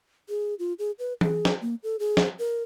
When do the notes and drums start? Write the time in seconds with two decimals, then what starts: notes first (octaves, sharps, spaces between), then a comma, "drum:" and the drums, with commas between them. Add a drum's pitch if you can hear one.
0.29 G#4
0.59 F4
0.79 G#4
0.99 B4
1.21 G#4, drum: tom
1.45 drum: snare
1.62 A#3
1.83 A4
1.99 G#4
2.17 drum: snare
2.39 A#4